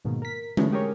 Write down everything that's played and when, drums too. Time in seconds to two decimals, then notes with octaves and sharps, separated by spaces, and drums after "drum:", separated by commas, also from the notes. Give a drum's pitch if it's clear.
0.05 G#2 B2 D#3 A#3
0.22 A#4 B6
0.57 D3 E3 F#3 G#3 A3 C#4, drum: tom G#3
0.72 G4 G#4 A#4 C#5